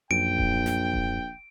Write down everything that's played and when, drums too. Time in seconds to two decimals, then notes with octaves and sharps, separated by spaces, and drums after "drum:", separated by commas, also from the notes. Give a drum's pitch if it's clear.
0.11 A#1 F#2 G5 D7
0.38 drum: kick D#1
0.66 drum: snare
0.94 drum: kick D#1